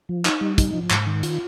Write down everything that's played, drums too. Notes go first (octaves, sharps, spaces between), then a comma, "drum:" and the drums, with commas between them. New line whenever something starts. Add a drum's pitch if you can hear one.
F3
D#4, drum: clap
G3
D#4, drum: kick, hi-hat
F3
G#2, drum: clap
D#3
F4, drum: hi-hat